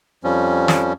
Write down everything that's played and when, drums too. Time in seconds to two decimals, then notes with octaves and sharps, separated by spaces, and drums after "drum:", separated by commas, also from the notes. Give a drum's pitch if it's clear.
0.24 F2 F3 G3 C#4
0.68 drum: snare